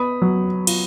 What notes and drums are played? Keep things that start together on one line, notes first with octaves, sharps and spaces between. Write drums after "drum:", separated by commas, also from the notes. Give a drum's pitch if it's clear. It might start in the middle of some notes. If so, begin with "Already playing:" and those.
Already playing: B3 B5 D#6
F#3
F4, drum: cymbal